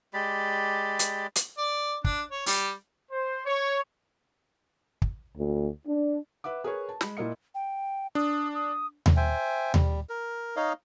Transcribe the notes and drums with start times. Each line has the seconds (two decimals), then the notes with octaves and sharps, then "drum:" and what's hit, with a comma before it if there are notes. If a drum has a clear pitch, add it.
0.14 G#3 G4 D5 B5
0.99 drum: hi-hat
1.36 drum: hi-hat
1.57 D5
2.04 D4, drum: kick
2.31 C#5
2.46 G3, drum: open hi-hat
3.10 C5
3.44 C#5
5.02 drum: kick
5.36 D2
5.87 D4
6.44 B4 E5 F#5 D6
6.64 G#4 A#4 B4 C#5 C#6
6.89 A5
7.01 G#3 B5, drum: snare
7.17 A#2 E4 A#4 D#5 C#7
7.55 G5
8.15 D4 D#6
8.55 D#6
9.06 drum: tom D#2
9.17 C5 E5 G5 G#5
9.74 G3, drum: tom D#2
10.09 A#4
10.56 D#4 C#5 D#5 F5